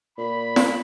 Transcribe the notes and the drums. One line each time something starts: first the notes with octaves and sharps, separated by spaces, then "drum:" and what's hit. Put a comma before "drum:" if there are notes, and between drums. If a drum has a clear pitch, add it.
A#2 B5
drum: snare